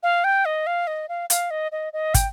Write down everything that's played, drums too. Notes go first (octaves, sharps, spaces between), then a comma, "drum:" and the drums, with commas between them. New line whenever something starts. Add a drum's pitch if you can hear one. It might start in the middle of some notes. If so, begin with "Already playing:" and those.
F5
G5
D#5
F5
D#5
F5
F5, drum: hi-hat
D#5
D#5
D#5
G5, drum: kick, hi-hat